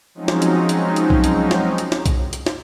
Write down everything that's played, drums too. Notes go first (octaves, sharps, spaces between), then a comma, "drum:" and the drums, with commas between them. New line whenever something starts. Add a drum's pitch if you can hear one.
F3 F#3 G#3 C4 C#4 D#4
drum: snare
drum: hi-hat
drum: hi-hat
drum: hi-hat
drum: kick B1
drum: hi-hat
drum: snare
drum: hi-hat
drum: snare
drum: kick B1, hi-hat
drum: hi-hat
drum: snare